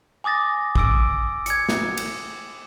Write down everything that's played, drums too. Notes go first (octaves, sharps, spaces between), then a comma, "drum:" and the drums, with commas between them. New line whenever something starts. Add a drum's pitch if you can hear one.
G#5 D6 D#6 A6 A#6
D6 E6 D7, drum: kick
G#6 C#7, drum: hi-hat
drum: snare
drum: cymbal